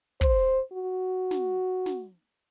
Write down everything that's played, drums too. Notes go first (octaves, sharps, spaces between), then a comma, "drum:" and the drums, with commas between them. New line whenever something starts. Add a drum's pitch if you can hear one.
C5, drum: kick
F#4
drum: snare
drum: snare